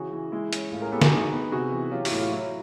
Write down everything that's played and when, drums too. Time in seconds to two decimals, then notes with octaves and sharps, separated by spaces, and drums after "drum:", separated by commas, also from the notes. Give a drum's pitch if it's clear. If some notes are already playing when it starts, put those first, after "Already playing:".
Already playing: C#3 E3 F#4 G#4
0.12 E3
0.32 G#3 E4
0.53 C#4, drum: hi-hat
0.72 A2 F4
0.82 G#4 A#4
0.92 B3 G4 A4
1.02 F#4 G#4, drum: snare
1.12 D#4
1.32 B3
1.51 C3 F#4 G#4
1.72 E3
1.91 F#3 F4 G4
2.05 E4 F#4, drum: open hi-hat
2.12 A2
2.19 F4
2.31 F#3 E4 F#4